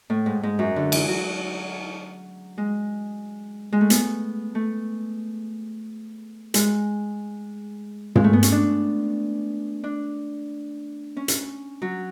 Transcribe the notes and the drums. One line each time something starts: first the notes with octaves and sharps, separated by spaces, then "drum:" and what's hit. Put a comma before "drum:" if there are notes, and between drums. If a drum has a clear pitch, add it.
A2
G#2
G#2
F#2
D3
E3, drum: cymbal
F#3
G#3
G#3
A3
B3, drum: hi-hat
A3
G#3, drum: hi-hat
G#3, drum: tom
A3
B3
C#4, drum: hi-hat
D4
D4
C#4
drum: hi-hat
F#3